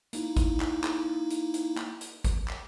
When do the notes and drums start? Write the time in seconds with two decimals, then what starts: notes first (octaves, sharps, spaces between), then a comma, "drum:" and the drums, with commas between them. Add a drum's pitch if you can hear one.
0.13 A#3 D#4 E4, drum: hi-hat
0.37 drum: kick G#1, hi-hat
0.60 drum: clap
0.84 drum: clap
1.31 drum: hi-hat
1.54 drum: hi-hat
1.78 drum: clap
2.01 drum: hi-hat
2.24 drum: kick G#1, hi-hat
2.48 drum: clap